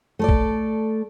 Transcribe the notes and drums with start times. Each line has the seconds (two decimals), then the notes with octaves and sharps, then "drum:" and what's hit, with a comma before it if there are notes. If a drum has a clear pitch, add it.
0.19 A3 A4 D5
0.29 drum: kick B1